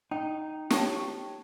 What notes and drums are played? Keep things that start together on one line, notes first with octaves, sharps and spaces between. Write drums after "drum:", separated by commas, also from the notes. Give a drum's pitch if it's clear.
D#4 G5
D#4 G4 C#5 G5 C#6, drum: snare